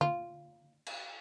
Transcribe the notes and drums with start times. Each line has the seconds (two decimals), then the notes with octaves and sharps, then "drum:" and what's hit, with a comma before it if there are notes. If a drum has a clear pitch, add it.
0.01 F4, drum: tom
0.86 drum: cymbal